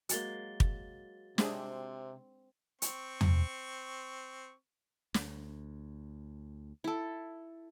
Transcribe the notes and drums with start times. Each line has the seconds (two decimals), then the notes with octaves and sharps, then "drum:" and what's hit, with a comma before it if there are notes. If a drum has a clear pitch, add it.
0.09 F#3 G#3 A#3 F#4 A6 G7, drum: hi-hat
0.60 drum: kick
1.38 C3 G#3 C4 D4 G#4, drum: snare
2.82 C4 C#6, drum: hi-hat
3.21 drum: tom E2
5.14 D2, drum: snare
6.84 E4 A4